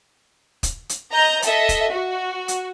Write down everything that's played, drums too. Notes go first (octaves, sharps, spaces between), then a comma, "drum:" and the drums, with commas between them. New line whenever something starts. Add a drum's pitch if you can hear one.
drum: kick, hi-hat
drum: hi-hat
D#5 A#5 G6
A4 D#5 E5, drum: hi-hat
drum: kick, hi-hat
F#4
drum: hi-hat